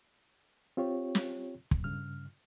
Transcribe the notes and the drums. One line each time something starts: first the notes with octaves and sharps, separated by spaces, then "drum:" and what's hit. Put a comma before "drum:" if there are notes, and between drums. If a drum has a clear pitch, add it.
C4 F4 G4 C#5
drum: snare
drum: kick
G2 C#3 F6